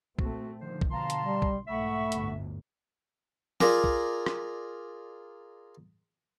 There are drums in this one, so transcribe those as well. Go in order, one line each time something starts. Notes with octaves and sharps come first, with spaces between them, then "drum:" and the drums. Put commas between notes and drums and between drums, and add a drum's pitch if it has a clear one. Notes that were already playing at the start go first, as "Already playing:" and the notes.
A#2 A3 C4 F#4, drum: kick B1
D3 D#3 F3 C5
drum: kick B1
B2 D3 F5 A5 A#5 C6
drum: hi-hat
G3
drum: kick B1
B1 G#2 A3 E5 F#5 B5 C#6
G1 D2 A2, drum: hi-hat
F4 G#4 A#4 D5 A#5, drum: snare
drum: kick B1
drum: rim click